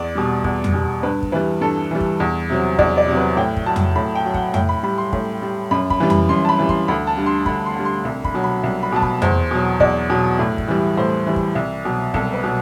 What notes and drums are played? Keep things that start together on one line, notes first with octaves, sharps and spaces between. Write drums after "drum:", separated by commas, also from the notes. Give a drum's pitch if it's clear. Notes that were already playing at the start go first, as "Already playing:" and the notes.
Already playing: E2 D5
B2 G3
E2, drum: kick
drum: tom F2
B2 G3
G2 B4
drum: kick
E3 G3 B4
G2 A4
E3 G3
drum: kick
E2
C3 F#3
E2 D5, drum: kick
D5
C3 F#3
B4
A2 G5
drum: kick
F#3 A5
drum: tom F2
A2 B5
G5
F#3
F#5, drum: kick
A2 G5, drum: tom F2
B5
G3 B5
C6
A2, drum: kick
G3
F#2 B5
B5, drum: kick
E3 G3
B5, drum: tom F2
F#2 C6
A5
B5
E3 G3
C6, drum: kick
D2 B5
A5
D3 G3
C6
D2 B5, drum: kick
C6
D3 G3
C6
C2
B5, drum: kick
B2 F#3
B5
C2
B5
B2 F#3 A5
B5, drum: kick
E2 C5, drum: tom F2
B2 F#3
E2 D5, drum: kick
B2 F#3
A2
drum: kick
E3 G3
A2 C5
E3 G3
drum: kick
C2
B2 F#3
C2 A4, drum: kick
B4
B2 F#3